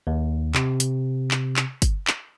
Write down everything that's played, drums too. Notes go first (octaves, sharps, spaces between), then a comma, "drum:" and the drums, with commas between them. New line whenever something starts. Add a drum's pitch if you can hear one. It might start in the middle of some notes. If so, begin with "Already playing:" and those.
D#2
C3, drum: clap
drum: hi-hat
drum: clap
drum: clap
drum: kick, hi-hat
drum: clap